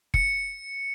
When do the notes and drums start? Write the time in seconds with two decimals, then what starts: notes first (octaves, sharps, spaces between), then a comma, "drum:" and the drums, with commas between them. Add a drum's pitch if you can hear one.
0.14 C#7, drum: kick F#1